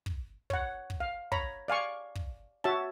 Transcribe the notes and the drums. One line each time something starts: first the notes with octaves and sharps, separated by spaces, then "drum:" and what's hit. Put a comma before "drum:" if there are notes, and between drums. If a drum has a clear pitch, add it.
drum: kick
C#5 F#5, drum: kick
drum: kick
F5
C#5 A#5 B5, drum: kick
D5 F5 G#5 C#6
drum: kick
F#4 C#5 E5 A5